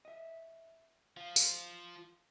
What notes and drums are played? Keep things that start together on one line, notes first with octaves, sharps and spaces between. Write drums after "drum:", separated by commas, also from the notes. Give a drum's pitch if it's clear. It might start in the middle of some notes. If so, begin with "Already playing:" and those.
D#5 E5
F3 F5
drum: tambourine